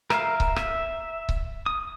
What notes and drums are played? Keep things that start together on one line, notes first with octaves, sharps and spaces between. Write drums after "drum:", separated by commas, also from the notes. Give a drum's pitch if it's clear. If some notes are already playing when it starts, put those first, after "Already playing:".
A#4 E5 F5, drum: rim click
drum: kick C#1
E5, drum: rim click
drum: kick C#1
D#6